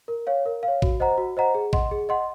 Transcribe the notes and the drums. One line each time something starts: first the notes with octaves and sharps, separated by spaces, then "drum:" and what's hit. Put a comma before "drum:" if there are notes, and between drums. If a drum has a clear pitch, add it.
A#4
C#5 F5
A#4
F5
C#5
F#4, drum: kick A1
C5 D#5 F#5 A#5
F#4
C5 D#5 F#5 A#5
G#4
D#5 F#5 C6, drum: kick A1
G#4
D#5 F#5 C6